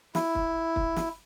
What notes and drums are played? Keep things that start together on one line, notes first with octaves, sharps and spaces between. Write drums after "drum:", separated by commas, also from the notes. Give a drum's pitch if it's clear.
E4, drum: snare
drum: kick
drum: kick
drum: snare